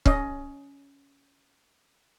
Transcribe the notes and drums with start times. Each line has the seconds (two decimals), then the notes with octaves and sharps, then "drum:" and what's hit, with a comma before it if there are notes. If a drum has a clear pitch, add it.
0.06 C#4 D#5, drum: kick C#1